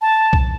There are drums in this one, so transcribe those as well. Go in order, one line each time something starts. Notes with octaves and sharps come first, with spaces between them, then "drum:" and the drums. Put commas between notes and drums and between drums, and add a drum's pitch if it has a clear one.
A5
drum: kick B1